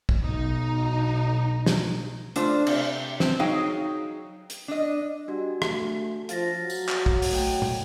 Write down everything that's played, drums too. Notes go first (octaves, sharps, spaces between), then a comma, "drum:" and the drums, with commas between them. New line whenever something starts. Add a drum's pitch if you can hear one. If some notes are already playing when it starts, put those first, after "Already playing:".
drum: kick
B1 D#4
drum: snare
A3 D4 F4 C5, drum: hi-hat
C3, drum: cymbal
C4, drum: snare
F#3 D#4 G#4 C#5 F5 G5
drum: hi-hat
D4 D#5
G3 D4 F#4
A3, drum: rim click
F3 F5 A6 A#6, drum: hi-hat
F#3
drum: tambourine
drum: clap
drum: kick
drum: open hi-hat
A3 G5
drum: tom